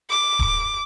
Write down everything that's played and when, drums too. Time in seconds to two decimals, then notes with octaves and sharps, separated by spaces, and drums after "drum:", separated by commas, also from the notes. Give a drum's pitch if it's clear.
0.10 D6
0.39 drum: kick D1